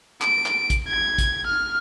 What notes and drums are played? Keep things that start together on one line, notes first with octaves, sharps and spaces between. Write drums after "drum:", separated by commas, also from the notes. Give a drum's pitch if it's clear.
D7, drum: clap
drum: clap
drum: kick, hi-hat
G#6
drum: kick, hi-hat
F6